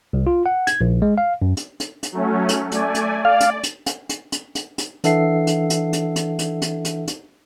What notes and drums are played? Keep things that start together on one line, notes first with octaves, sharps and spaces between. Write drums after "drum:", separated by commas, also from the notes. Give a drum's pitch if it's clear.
C2
F4
F#5
G#6, drum: hi-hat
A#1
G#3
F5
F#2
drum: hi-hat
drum: hi-hat
drum: hi-hat
F#3 A3 C#4
drum: hi-hat
A3 D5 G#5, drum: hi-hat
drum: hi-hat
D5 F5
drum: hi-hat
drum: hi-hat
drum: hi-hat
drum: hi-hat
drum: hi-hat
drum: hi-hat
drum: hi-hat
E3 D4 A4 E5 F#5 C7, drum: hi-hat
drum: hi-hat
drum: hi-hat
drum: hi-hat
drum: hi-hat
drum: hi-hat
drum: hi-hat
drum: hi-hat
drum: hi-hat